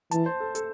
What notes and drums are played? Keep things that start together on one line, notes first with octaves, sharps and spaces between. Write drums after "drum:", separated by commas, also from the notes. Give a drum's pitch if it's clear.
E3 A5, drum: hi-hat
C5
A4
A4, drum: hi-hat